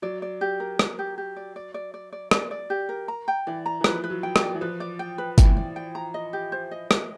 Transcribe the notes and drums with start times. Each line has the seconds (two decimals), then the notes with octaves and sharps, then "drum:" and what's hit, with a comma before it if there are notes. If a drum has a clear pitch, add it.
0.02 F#3 D5
0.22 D5
0.41 G4
0.60 A#4
0.79 A#4, drum: rim click
0.99 G4
1.18 G4
1.36 D5
1.56 D5
1.74 D5
1.94 D5
2.13 D5
2.31 D5, drum: rim click
2.51 D5
2.70 G4
2.89 A#4
3.08 A#5
3.28 G5
3.47 E3 D5
3.66 A#5
3.81 E3
3.84 F3 B4, drum: rim click
4.04 B4
4.10 F#3
4.23 G5
4.36 F#3, drum: rim click
4.42 D5
4.55 E3
4.61 F3 B4
4.80 D5
4.99 G5
5.18 B4
5.38 E3 G5, drum: kick G1, hi-hat
5.57 D5
5.76 G5
5.95 A#5
6.14 D#5
6.33 G4
6.52 C5
6.71 D#5
6.91 D#5, drum: rim click